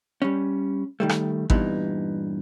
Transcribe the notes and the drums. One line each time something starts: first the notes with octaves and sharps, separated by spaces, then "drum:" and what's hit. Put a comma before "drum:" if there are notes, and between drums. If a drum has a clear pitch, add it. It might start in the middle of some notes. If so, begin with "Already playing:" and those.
G3 C#4
D#3 G3 A3
drum: rim click
G2 A#2 E3 B3 D#4, drum: kick G#1